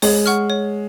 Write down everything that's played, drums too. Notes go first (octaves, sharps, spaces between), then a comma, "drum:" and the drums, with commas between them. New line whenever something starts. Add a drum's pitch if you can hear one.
G#3 C#5, drum: open hi-hat
F#5 C#6 F6
C#5